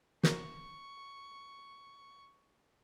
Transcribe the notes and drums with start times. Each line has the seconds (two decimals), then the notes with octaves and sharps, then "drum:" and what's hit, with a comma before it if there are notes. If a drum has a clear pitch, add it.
0.24 F#4 A#4 C#6, drum: snare